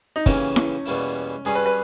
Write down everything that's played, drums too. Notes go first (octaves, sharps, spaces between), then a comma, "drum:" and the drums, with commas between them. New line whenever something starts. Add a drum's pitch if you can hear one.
D#4
C#3 E3 A#3 C#4 E4 G4, drum: kick
drum: snare E4
E2 B2 G3 A#3 E4
G2 G3 C#4 G#4
B4
B4